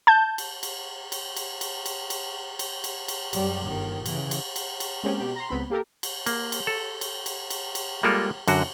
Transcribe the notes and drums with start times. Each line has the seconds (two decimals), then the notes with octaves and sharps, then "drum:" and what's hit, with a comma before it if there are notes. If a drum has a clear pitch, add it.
0.07 A5 G6
0.38 drum: cymbal
0.63 drum: cymbal
1.12 drum: cymbal
1.36 drum: cymbal
1.61 drum: cymbal
1.86 drum: cymbal
2.10 drum: cymbal
2.59 drum: cymbal
2.84 drum: cymbal
3.08 drum: cymbal
3.33 F#2 G3, drum: cymbal
3.65 G1 D#3
4.06 C#3 E3, drum: cymbal
4.31 drum: cymbal
4.56 drum: cymbal
4.80 drum: cymbal
5.04 G#3 A#3 C4 C#4 G4
5.20 B2 G4
5.36 A#5 C6
5.50 C#2 B3 C4 B5
5.70 A#3 G4 A4 A#4
6.03 drum: cymbal
6.26 A#3, drum: cymbal
6.52 drum: cymbal
6.67 A4
7.01 drum: cymbal
7.26 drum: cymbal
7.50 drum: cymbal
7.75 drum: cymbal
8.03 G3 G#3 A#3 F4 A4 A#4
8.48 F#2 D3 F#4, drum: cymbal